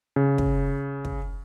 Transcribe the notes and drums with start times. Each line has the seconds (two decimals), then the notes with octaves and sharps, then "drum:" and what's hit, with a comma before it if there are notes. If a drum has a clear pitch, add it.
0.16 C#3
0.38 drum: kick
1.05 drum: kick